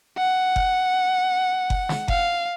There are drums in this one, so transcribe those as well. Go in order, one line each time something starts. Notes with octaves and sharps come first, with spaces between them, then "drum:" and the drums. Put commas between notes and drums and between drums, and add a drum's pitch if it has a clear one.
F#5
drum: kick F#1
drum: kick F#1
drum: snare
F5, drum: kick F#1